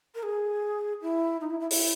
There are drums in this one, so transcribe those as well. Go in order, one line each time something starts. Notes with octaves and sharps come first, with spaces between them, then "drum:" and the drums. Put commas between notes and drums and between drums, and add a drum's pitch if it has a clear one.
A#4
G#4
E4
D#4
E4
E4
E4, drum: open hi-hat